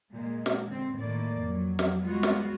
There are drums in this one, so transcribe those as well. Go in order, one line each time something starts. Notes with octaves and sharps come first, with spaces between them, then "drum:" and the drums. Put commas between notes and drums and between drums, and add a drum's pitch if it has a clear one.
A#2 G#3 A#3
drum: snare
D3 C4
A2 D#3 A#3 D5
F2 F#3
drum: snare
G3 G#3 B3 F4 F#4
drum: snare